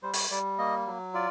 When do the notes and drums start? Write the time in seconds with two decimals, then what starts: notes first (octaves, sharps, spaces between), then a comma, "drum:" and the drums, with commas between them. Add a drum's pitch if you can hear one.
0.03 G3 C5
0.13 drum: open hi-hat
0.30 G3 D5
0.58 A#3 D#5
0.87 F#3
1.14 F4 D5